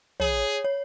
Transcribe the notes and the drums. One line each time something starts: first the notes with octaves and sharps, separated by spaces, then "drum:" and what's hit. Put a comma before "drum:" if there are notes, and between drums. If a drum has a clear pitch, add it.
G#4 C#5, drum: tom
C#5